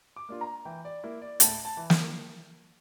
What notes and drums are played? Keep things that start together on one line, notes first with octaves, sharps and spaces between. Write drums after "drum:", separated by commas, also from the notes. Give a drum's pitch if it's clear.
D6
A#3 D4 F4
A#5
E3 G5
D5
A#3 E4
D5
A2 A5, drum: hi-hat
A5
E3
drum: snare